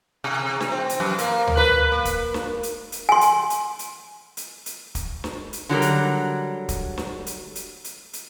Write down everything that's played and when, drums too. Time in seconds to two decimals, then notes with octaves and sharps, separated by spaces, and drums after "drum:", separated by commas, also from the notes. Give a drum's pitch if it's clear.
0.24 C3
0.60 drum: snare
0.71 C4
0.89 drum: hi-hat
1.00 F#2
1.18 A#3, drum: hi-hat
1.47 drum: tom D2
1.57 B4
1.92 A#3
2.05 drum: kick, hi-hat
2.34 drum: snare
2.63 drum: hi-hat
2.92 drum: hi-hat
3.09 G#5 C6
3.21 drum: hi-hat
3.50 drum: hi-hat
3.79 drum: hi-hat
4.37 drum: hi-hat
4.66 drum: hi-hat
4.95 drum: kick, hi-hat
5.24 drum: snare
5.53 drum: hi-hat
5.69 D3 F#3 G3 A#4
5.82 drum: hi-hat
6.69 drum: kick, hi-hat
6.98 drum: snare
7.26 drum: hi-hat
7.55 drum: hi-hat
7.84 drum: hi-hat
8.13 drum: hi-hat